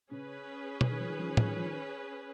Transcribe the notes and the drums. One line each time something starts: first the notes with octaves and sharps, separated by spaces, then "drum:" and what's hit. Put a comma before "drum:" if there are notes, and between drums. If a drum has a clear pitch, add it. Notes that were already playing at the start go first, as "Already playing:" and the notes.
C#3 C#4 G#4 B4
drum: tom
D#3
F3
D#3
F3
D#3
F3, drum: tom
D#3
F3
D#3